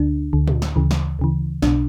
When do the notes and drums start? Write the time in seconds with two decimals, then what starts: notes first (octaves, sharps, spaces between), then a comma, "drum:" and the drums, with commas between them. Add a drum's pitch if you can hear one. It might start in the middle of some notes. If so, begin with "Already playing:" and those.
Already playing: D2 D3 D4
0.33 D2 D3
0.48 drum: tom
0.62 drum: snare
0.76 D2 C#3 E3
0.91 drum: snare
1.19 D2 C#3 E3
1.62 B1 B2 D4, drum: snare